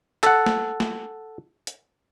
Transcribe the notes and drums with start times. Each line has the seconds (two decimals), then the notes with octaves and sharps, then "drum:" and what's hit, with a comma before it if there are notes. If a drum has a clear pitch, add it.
0.23 A4 F#5, drum: clap
0.46 drum: snare
0.80 drum: snare
1.67 drum: hi-hat